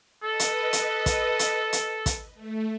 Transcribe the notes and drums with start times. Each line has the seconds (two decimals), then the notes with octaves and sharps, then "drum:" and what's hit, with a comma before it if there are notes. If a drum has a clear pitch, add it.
0.23 A4 B4 D#5
0.39 drum: hi-hat
0.73 drum: hi-hat
1.06 drum: kick, hi-hat
1.39 drum: hi-hat
1.73 drum: hi-hat
2.06 drum: kick, hi-hat
2.34 A3